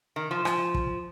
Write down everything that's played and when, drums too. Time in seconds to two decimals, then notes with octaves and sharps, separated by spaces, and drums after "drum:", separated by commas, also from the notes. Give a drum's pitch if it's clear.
0.16 D#3
0.31 F3
0.45 F3, drum: rim click
0.74 drum: kick